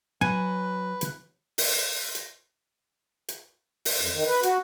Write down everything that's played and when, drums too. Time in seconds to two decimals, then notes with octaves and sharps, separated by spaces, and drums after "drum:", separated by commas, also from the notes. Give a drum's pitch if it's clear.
0.21 F#3 B4 G#5
1.01 drum: hi-hat
1.58 drum: open hi-hat
2.15 drum: hi-hat
3.28 drum: hi-hat
3.85 drum: open hi-hat
4.01 F2
4.14 D#3
4.27 B4
4.43 F#4, drum: hi-hat